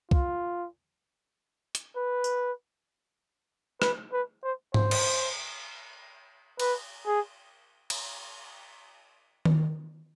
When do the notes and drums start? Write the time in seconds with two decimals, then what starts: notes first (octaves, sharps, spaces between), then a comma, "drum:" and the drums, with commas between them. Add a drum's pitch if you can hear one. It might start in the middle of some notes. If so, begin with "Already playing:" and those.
0.11 F4, drum: kick C2
1.75 drum: hi-hat
1.96 B4
2.24 drum: tambourine
3.82 B4, drum: rim click
4.13 B4
4.43 C5
4.74 C5, drum: tom G#2
4.91 drum: cymbal
6.60 B4, drum: cymbal
7.06 G#4
7.90 drum: cymbal
9.45 drum: tom D#3